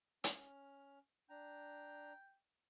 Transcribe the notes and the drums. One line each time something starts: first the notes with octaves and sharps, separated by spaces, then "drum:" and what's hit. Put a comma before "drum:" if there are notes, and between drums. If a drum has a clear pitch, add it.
C#4 F6, drum: hi-hat
D4 G5 A#5